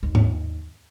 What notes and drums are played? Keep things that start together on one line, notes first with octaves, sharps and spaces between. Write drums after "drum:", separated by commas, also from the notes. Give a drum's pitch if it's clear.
D#2 D#3
drum: tom G#2